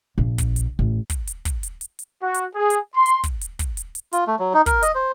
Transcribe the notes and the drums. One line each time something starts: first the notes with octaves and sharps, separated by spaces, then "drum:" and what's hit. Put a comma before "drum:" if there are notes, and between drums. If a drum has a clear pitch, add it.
A#1
drum: kick, hi-hat
drum: hi-hat
A1
drum: kick, hi-hat
drum: hi-hat
drum: kick, hi-hat
drum: hi-hat
drum: hi-hat
drum: hi-hat
F#4
drum: hi-hat
G#4
drum: hi-hat
C6
drum: hi-hat
drum: kick, hi-hat
drum: hi-hat
drum: kick, hi-hat
drum: hi-hat
drum: hi-hat
F4, drum: hi-hat
A3
F#3
D#4
A#4, drum: kick, hi-hat
D#5, drum: hi-hat
C5